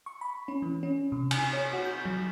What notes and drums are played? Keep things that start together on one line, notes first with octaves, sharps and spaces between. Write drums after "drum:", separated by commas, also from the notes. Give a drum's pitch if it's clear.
C#6
B5
C#4
E3
C#4
C3
G#5, drum: cymbal
C#5
F#4
G6
F#3